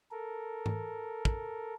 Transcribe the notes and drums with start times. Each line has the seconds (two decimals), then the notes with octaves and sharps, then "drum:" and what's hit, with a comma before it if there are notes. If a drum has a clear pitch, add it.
0.11 A4 A#4
0.66 drum: tom G#2
1.25 drum: kick